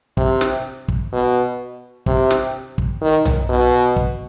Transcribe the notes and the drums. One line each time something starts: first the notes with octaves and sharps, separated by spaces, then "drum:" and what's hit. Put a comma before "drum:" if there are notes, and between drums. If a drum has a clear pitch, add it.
C3, drum: kick
drum: snare
drum: kick
B2
C3, drum: kick
drum: snare
drum: kick
D#3
drum: tom B1
B2
drum: kick